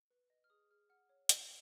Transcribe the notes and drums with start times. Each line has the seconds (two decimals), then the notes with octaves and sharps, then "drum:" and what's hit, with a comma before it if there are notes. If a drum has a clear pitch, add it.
0.10 B4
0.30 D#5
0.44 F6
0.50 G#4 D#6
0.71 G#4 F6
0.90 F#5 F6
1.09 C#5
1.29 C#5, drum: hi-hat